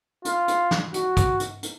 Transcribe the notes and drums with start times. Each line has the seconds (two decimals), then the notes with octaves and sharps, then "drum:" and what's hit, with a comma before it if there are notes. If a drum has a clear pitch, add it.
0.25 F4, drum: hi-hat
0.48 drum: hi-hat
0.71 drum: snare
0.94 F#4, drum: hi-hat
1.17 drum: kick, hi-hat
1.40 drum: hi-hat
1.63 drum: hi-hat